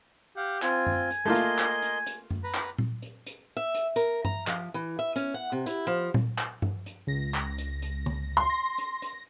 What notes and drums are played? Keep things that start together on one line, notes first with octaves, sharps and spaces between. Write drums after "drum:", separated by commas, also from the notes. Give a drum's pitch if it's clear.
G4 F5 F#5
C4 F4 G#5, drum: clap
drum: tom F#2
drum: hi-hat
A3 A#3 F4 A#4 D#5 C6
drum: hi-hat
drum: clap
drum: hi-hat
drum: hi-hat
drum: tom F#2
B4 A#5 B5
drum: clap
drum: tom A#2
drum: hi-hat
drum: hi-hat
E5
drum: hi-hat
A#4, drum: hi-hat
A#5, drum: tom G2
F3, drum: clap
E3
E5
C#4, drum: hi-hat
F#5
C3
E4, drum: hi-hat
F3
drum: tom A#2
drum: clap
drum: tom G2
drum: hi-hat
C#2 A#6
drum: clap
drum: hi-hat
drum: hi-hat
drum: tom
C6
A#6
drum: hi-hat
drum: hi-hat